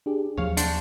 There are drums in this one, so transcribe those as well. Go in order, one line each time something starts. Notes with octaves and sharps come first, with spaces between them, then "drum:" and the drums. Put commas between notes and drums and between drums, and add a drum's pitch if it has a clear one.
D4 G4 G#4
D#2 F3 F#3 G#4 C#5 F5
D4 C5 G6, drum: hi-hat